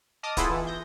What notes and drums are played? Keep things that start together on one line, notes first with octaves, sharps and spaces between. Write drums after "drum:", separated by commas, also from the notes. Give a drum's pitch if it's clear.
D#5 A5 D6 D#6 F6
B3 E4 F4 G#4 A4 B4, drum: kick, hi-hat
E3
G6 A#6